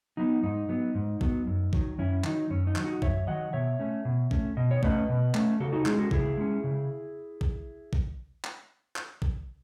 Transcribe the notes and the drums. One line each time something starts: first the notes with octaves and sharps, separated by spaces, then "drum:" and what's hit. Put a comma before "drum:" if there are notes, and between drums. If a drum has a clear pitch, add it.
F#3 B3 D#4
G#2 D#4
F#3 B3
G#2
F#3 B3, drum: kick A#1
F#2
D#3 F#3, drum: kick A#1
F#2 C#4 E4
D#3 F#3 D#4, drum: clap
F#2 C#4
D#4
D#3 F#3, drum: clap
D#4 F#4
F#2 C#5 E5, drum: kick A#1
D#3 F#3 D#5 F#5
B2 C#5 E5
A3 C#4
B2
A3 C#4, drum: kick A#1
B2 D#5
C#5
A3 C#4 B4 D#5, drum: kick A#1
B2
A3 C#4, drum: clap
C#3 F#4 A4
D#4 F#4
G#3 C#4 E4 G#4, drum: clap
F#4 A4
C#3 E4 G#4, drum: kick A#1
G#3 C#4
C#3
drum: kick A#1
drum: kick A#1
drum: clap
drum: clap
drum: kick A#1